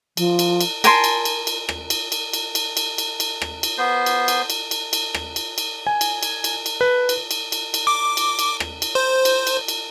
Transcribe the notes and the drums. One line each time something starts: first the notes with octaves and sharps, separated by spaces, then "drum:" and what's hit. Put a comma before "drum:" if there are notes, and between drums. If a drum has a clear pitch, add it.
F3, drum: cymbal
drum: cymbal
drum: cymbal
A#4 G#5 A5 C6, drum: cymbal
drum: cymbal
drum: cymbal
drum: cymbal
drum: rim click
drum: cymbal
drum: cymbal
drum: cymbal
drum: cymbal
drum: cymbal
drum: cymbal
drum: cymbal
drum: rim click
drum: cymbal
B3 C5
drum: cymbal
drum: cymbal
drum: cymbal
drum: cymbal
drum: cymbal
drum: rim click
drum: cymbal
drum: cymbal
G#5
drum: cymbal
drum: cymbal
drum: cymbal
drum: cymbal
B4
drum: cymbal
drum: cymbal
drum: cymbal
drum: cymbal
D6
drum: cymbal
drum: cymbal
drum: rim click
drum: cymbal
C5
drum: cymbal
drum: cymbal
drum: cymbal